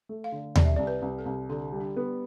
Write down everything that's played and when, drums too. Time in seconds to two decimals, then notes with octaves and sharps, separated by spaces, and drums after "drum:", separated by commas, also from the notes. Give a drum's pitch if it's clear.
0.09 A3
0.24 F5
0.32 D3
0.56 C2 D5, drum: tom D#2
0.65 E5
0.76 C2 D5
0.87 B4
1.02 C2
1.18 A4
1.26 C2
1.50 D3 G4
1.73 G3
1.80 D4
1.97 B3